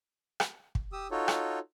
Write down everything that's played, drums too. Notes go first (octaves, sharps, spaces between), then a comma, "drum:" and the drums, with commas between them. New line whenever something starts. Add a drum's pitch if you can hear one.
drum: rim click
drum: kick
G4 D#6 E6
D#4 F4 F#4 A4 C#5
drum: rim click